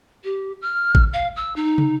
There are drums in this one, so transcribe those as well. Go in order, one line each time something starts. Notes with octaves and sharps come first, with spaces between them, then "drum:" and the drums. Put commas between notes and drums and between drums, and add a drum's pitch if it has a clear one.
G4
F6
drum: kick G#1
F5
E6
D#4
drum: tom